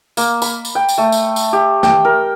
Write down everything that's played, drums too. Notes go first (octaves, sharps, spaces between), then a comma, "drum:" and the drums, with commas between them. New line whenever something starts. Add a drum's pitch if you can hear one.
A#3, drum: tambourine
B5, drum: tambourine
drum: tambourine
G5
drum: tambourine
A3
drum: tambourine
drum: tambourine
G4
G5, drum: snare
A#4